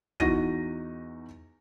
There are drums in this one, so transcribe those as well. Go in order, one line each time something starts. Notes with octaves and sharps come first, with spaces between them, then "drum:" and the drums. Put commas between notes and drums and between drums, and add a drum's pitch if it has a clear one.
E2 D#4 F#4 A#6 D#7, drum: kick